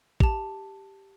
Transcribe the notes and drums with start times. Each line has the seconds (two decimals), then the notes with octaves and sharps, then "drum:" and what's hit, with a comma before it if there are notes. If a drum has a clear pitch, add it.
0.20 G4 A5, drum: kick